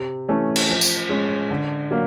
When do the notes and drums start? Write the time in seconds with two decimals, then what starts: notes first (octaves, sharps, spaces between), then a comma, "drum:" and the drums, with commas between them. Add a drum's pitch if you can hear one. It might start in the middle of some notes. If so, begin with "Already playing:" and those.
Already playing: C3
0.29 E3 A3 C#4
0.56 drum: cymbal
0.69 F3
0.81 drum: tambourine
1.09 G#3 C#4
1.50 D3
1.91 F#3 A#3